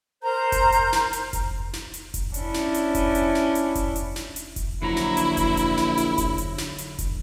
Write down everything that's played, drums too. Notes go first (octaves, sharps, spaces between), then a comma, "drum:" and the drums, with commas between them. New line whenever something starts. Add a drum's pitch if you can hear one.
A#4 C5 A#5 G6
drum: kick F1, hi-hat
drum: hi-hat
drum: snare
drum: hi-hat
drum: kick F1, hi-hat
drum: snare
drum: hi-hat
drum: kick F1, hi-hat
C#4 D4 E4, drum: hi-hat
drum: snare
drum: hi-hat
drum: kick F1, hi-hat
drum: hi-hat
drum: snare
drum: hi-hat
drum: kick F1, hi-hat
drum: hi-hat
drum: snare
drum: hi-hat
drum: kick F1, hi-hat
A#1 D3 F#3 E4 A#5
drum: snare
drum: hi-hat
drum: kick F1, hi-hat
drum: hi-hat
drum: snare
drum: hi-hat
drum: kick F1, hi-hat
drum: hi-hat
drum: snare
drum: hi-hat
drum: kick F1, hi-hat